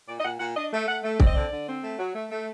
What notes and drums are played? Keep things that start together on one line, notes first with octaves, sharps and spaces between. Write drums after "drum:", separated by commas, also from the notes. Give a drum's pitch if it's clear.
A#2 D5
D#5
A#2 F#5
A#2 F#5
D4 D#5
A3
A3 F#5
A3
C4 D5, drum: kick
D#5
D3 D5
D3
C4
A3
F#3
A3
A3